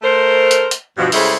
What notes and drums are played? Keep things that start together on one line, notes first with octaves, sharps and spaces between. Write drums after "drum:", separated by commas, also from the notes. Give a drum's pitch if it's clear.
A3 A#4 C5
drum: hi-hat
drum: hi-hat
G2 B2 F3
C#3 G3 G#3 E4 A4 C5, drum: open hi-hat